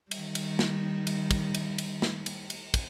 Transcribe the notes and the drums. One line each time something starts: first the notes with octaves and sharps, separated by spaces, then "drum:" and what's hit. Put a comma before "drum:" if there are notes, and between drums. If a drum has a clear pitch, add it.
D#3 G3, drum: cymbal
drum: cymbal
drum: snare
drum: cymbal
drum: kick, cymbal
drum: cymbal
drum: cymbal
drum: snare
drum: cymbal
drum: cymbal
drum: kick, cymbal